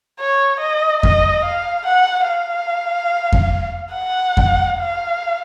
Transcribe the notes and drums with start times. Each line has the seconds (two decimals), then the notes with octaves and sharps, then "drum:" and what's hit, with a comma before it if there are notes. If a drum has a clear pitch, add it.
0.20 C#5
0.60 D#5
1.03 D#5, drum: kick F2
1.45 F5
1.87 F#5
2.28 F5
3.33 drum: kick F2
3.95 F#5
4.37 drum: kick F2
4.79 F5